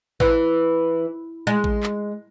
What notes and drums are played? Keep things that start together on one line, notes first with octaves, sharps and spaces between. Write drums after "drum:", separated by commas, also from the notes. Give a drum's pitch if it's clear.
E3, drum: kick A1
G#3
drum: kick A1
drum: clap